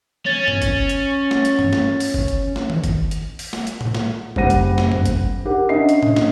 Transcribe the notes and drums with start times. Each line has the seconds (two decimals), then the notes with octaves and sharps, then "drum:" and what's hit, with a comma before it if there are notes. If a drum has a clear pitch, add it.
0.26 C#4 A6
0.48 drum: tom G2
0.62 drum: kick G1, hi-hat
0.89 drum: hi-hat
1.31 drum: snare
1.45 drum: hi-hat
1.59 drum: tom G2
1.73 drum: snare
2.00 drum: open hi-hat
2.14 drum: kick G1
2.28 drum: hi-hat
2.56 drum: snare
2.70 drum: tom D#3
2.84 drum: kick G1, hi-hat
3.11 drum: hi-hat
3.39 drum: open hi-hat
3.53 drum: snare
3.67 drum: hi-hat
3.81 drum: tom A2
3.95 drum: snare
4.36 F#1 G3 C5 F#5 A#6 D#7, drum: kick G1
4.50 drum: hi-hat
4.78 drum: snare
4.92 drum: tom G2
5.05 drum: kick G1, hi-hat
5.45 G4 A#4 F#5
5.69 C#4 D4 D#5 E5 C7
5.89 drum: hi-hat
6.03 drum: tom A2
6.16 drum: snare